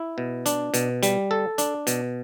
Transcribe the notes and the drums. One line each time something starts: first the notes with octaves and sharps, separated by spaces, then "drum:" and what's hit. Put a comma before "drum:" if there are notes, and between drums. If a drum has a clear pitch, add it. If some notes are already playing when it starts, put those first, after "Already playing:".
Already playing: E4
B2
D4, drum: hi-hat
B2, drum: hi-hat
G3, drum: hi-hat
A4
D4, drum: hi-hat
B2, drum: hi-hat